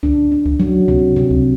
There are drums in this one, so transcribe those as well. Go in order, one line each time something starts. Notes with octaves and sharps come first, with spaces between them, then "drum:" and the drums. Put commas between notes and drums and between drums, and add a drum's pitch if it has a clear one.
D4, drum: kick C#2
D4
drum: kick C#2
F#3
C3, drum: kick C#2
C3
drum: kick C#2